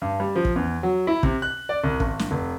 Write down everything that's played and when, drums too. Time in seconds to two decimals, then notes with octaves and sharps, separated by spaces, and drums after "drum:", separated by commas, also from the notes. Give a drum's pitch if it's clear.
0.02 G2
0.20 G3
0.36 F3
0.45 drum: kick
0.56 E2
0.83 F#3
1.07 E4
1.23 C3, drum: kick
1.42 F#6
1.69 D5
1.84 C2
2.00 G#1, drum: kick
2.19 drum: snare
2.31 F1